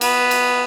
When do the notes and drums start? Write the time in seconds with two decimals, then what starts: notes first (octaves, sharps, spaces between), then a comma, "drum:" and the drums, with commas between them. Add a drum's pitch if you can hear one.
0.01 B3, drum: cymbal
0.31 drum: cymbal